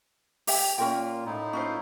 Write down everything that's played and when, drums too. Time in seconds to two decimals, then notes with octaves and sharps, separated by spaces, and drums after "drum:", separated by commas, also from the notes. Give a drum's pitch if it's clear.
0.47 G4 E5 G5, drum: open hi-hat
0.78 A#2 A#3 C#4 F4 A#4 G5
1.26 A2 D#4 E4
1.53 C#4 F4 C5